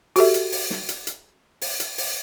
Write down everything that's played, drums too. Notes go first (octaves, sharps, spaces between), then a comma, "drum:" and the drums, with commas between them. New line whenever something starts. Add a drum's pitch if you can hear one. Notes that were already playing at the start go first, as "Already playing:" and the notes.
F#4 G4 A4 E5, drum: open hi-hat
drum: hi-hat
drum: open hi-hat
drum: snare
drum: hi-hat
drum: hi-hat
drum: open hi-hat
drum: hi-hat
drum: open hi-hat